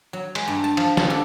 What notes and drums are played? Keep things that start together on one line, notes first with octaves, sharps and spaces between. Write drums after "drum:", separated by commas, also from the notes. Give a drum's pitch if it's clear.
F#3
G#3, drum: cymbal
G2
A5
F3, drum: cymbal
A5, drum: snare
D3